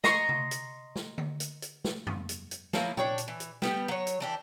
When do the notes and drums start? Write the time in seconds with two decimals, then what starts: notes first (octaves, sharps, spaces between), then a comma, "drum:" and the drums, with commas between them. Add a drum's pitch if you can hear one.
0.04 D#5 A#5 C6 C#6, drum: snare
0.29 drum: tom C3
0.51 drum: hi-hat
0.96 drum: snare
1.18 drum: tom D3
1.40 drum: hi-hat
1.62 drum: hi-hat
1.84 drum: snare
2.07 drum: tom
2.29 drum: hi-hat
2.51 drum: hi-hat
2.73 F3 F#3 A#3 E4, drum: snare
2.97 D4 C#5 G5, drum: tom
3.18 drum: hi-hat
3.28 E3
3.40 drum: hi-hat
3.62 G3 B3 G4, drum: snare
3.88 F#3 C#5
4.07 drum: hi-hat
4.20 E3 D4 G4